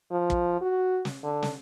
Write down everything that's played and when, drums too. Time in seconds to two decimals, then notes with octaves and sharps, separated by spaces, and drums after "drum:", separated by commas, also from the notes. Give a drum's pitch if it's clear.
0.11 F3
0.30 drum: kick
0.61 F#4
1.05 drum: snare
1.24 D3
1.43 drum: snare